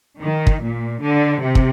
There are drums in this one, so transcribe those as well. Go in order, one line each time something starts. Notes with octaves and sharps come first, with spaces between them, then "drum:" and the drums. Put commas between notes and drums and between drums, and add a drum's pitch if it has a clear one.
D#3
drum: kick
A#2
D3
C3
drum: kick